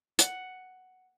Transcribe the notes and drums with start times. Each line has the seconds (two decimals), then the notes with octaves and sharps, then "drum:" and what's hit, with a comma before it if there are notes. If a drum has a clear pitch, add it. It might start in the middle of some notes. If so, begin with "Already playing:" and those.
0.19 F#5, drum: hi-hat